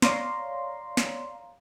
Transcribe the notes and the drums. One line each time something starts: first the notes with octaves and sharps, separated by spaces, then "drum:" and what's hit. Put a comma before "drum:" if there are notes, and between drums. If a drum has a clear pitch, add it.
C#5 D5 F5 A#5 C6, drum: snare
drum: snare